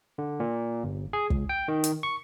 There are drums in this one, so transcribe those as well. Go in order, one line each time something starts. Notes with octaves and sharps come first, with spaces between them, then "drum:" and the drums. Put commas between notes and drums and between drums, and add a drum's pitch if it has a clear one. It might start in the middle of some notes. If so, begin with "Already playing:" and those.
D3
A#2
G1
G#4
C#2, drum: kick
G5
D#3
drum: hi-hat
C#6